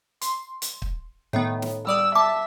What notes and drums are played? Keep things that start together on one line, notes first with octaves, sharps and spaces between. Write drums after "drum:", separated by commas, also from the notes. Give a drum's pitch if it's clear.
C6, drum: hi-hat
drum: hi-hat
drum: kick
A2 D#3 B3
drum: snare
G3 D5 D#6 E6
E5 A5 D6